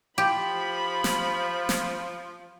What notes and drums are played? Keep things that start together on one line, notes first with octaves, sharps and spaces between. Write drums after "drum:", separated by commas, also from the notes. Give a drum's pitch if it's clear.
F3 G4 B5
drum: snare
drum: snare